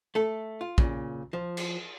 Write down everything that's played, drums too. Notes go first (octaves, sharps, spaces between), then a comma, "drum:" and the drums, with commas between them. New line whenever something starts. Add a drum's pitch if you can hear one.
A3 A4
F4
A#2 C#3, drum: kick
F3
drum: cymbal